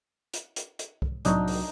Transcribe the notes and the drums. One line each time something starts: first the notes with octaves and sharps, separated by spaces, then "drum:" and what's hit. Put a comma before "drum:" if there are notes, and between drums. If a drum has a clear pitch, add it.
drum: hi-hat
drum: hi-hat
drum: hi-hat
drum: kick C2
C2 A2 F#3 D4 D#4, drum: hi-hat
drum: open hi-hat